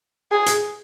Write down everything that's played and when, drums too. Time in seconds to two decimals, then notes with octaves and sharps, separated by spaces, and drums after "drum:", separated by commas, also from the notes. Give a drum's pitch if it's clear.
0.32 G#4
0.46 drum: hi-hat